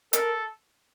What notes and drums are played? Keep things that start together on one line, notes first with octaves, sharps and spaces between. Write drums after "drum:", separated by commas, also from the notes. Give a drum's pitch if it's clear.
A4 A#4, drum: hi-hat